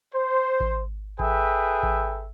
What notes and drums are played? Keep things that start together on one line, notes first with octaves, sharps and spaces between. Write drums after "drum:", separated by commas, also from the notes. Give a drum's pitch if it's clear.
C5
drum: kick G#1
G#4 A4 B4 E5 G5, drum: kick G#1
drum: kick G#1